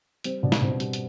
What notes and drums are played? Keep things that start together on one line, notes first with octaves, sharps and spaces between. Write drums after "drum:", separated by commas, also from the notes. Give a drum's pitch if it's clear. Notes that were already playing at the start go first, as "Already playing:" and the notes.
G3 C4 C5, drum: hi-hat
B2 D4 D5
drum: snare
B2 C4 C5
G3, drum: hi-hat
drum: hi-hat